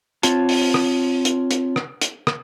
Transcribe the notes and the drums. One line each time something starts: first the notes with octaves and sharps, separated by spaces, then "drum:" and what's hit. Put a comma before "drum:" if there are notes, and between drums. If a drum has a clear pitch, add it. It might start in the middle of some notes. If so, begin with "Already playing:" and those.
C4 F4 C#5 A5, drum: hi-hat
drum: open hi-hat
drum: rim click
drum: hi-hat
drum: hi-hat
drum: rim click
drum: hi-hat
drum: rim click